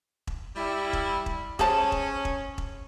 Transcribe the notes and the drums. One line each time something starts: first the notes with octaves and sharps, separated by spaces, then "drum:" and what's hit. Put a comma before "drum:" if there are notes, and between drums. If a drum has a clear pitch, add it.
drum: kick E1
G3 E4
drum: kick E1
drum: kick E1
C#4 G#4 C5 A5, drum: kick E1
drum: kick E1
drum: kick E1
drum: kick E1